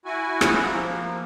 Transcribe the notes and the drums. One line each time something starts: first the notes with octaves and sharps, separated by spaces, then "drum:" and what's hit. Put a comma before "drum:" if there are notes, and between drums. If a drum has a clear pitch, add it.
E4 F#4 G#5
drum: rim click
F3 A#3